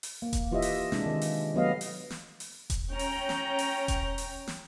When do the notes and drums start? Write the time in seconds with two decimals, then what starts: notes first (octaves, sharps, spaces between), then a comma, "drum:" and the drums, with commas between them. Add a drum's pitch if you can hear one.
0.03 drum: open hi-hat
0.22 A#3
0.33 drum: kick E1, hi-hat
0.52 E3 F4 G4 D#5 E5
0.62 drum: open hi-hat
0.92 C3 G#3 D4, drum: snare
1.06 D#3
1.22 drum: open hi-hat
1.54 F#3 A3 B3 G4 D#5 F5
1.81 drum: open hi-hat
2.10 drum: snare
2.40 drum: open hi-hat
2.70 drum: kick E1, hi-hat
2.90 C#4 G5 A#5
2.99 drum: open hi-hat
3.29 drum: snare
3.59 drum: open hi-hat
3.88 drum: kick E1, hi-hat
4.18 drum: open hi-hat
4.47 drum: snare